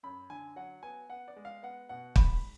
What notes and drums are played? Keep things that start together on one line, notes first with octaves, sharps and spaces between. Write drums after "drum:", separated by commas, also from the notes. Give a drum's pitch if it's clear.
F#2 B5
D3 G#5
F#3 F#5
B3 G#5
B3 F#5
D5
G#3
F5
B3 F#5
B2 F#5
G#2 B5, drum: kick